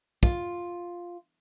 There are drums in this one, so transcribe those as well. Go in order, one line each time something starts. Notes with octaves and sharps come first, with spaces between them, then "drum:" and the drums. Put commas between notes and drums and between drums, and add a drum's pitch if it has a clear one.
F4, drum: kick